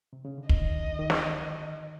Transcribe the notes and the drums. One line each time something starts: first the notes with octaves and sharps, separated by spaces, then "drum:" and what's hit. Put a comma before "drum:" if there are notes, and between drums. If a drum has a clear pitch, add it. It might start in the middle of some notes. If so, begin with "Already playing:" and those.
C3
C#3
D3
D#3 D#5, drum: kick
D3
D#3
drum: snare